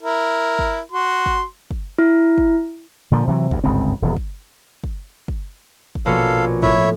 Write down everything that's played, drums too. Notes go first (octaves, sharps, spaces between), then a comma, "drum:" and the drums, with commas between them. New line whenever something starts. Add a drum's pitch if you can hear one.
E4 A#4
drum: kick
F#4 C6
drum: kick
drum: kick
E4
drum: kick
A#2 D3 F3
C3 E3 F#3
D2 G2, drum: kick
G1 C#2 G#2 C4
D#1 E2
drum: kick
drum: kick
drum: kick
drum: kick
A#1 B2 C#4 A4 F5
A2 E4 C#5 E5, drum: kick